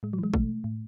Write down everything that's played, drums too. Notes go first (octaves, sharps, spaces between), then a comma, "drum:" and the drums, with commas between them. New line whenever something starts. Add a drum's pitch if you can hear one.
A2 G#3
F#3
E3 G#3
B2 A3, drum: kick
A2